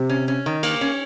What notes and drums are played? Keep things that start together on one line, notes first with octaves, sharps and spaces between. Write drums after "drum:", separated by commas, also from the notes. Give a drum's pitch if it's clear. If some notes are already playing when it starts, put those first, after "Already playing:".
Already playing: C3
C#4
C#4
D#3
A#3, drum: cymbal
C#4